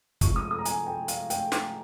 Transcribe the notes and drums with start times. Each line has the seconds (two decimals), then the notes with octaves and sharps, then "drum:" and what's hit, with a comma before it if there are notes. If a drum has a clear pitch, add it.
0.21 C3 F3 G#3 C#6, drum: kick, hi-hat
0.36 D#6
0.51 D#6
0.59 A#5
0.65 G#5, drum: hi-hat
0.87 G5
1.08 F5, drum: hi-hat
1.30 G5, drum: hi-hat
1.52 G5, drum: snare